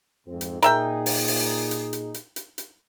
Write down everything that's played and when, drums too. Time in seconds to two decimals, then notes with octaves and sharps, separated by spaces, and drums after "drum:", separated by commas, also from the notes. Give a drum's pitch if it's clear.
0.27 F2 G#2 C4
0.41 drum: hi-hat
0.62 A#2 D#4 G#4 A#4 E5 G5, drum: hi-hat
1.06 drum: open hi-hat
1.28 drum: open hi-hat
1.71 drum: hi-hat
1.93 drum: hi-hat
2.14 drum: hi-hat
2.36 drum: hi-hat
2.58 drum: hi-hat